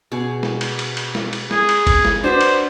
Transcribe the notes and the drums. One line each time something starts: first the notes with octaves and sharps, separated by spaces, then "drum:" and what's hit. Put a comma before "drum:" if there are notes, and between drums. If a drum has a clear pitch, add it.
B2 G#4
drum: snare
drum: cymbal
drum: cymbal
drum: cymbal
drum: snare
drum: cymbal
G#4, drum: snare
drum: cymbal
drum: kick G1, cymbal
drum: snare
D4 F#4 B4 C5
drum: cymbal